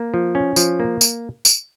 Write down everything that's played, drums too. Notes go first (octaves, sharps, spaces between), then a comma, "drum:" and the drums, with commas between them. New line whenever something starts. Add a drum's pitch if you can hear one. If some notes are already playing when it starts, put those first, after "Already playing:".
Already playing: A#3
F3
C#4
F3, drum: tambourine
A#3
drum: tambourine
drum: tambourine